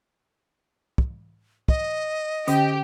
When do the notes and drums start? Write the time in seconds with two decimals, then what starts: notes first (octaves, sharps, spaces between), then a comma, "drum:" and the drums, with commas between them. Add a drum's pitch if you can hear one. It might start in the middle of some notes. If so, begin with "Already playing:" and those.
0.98 drum: kick
1.68 D#5, drum: kick
2.48 D3 C#4 G4, drum: hi-hat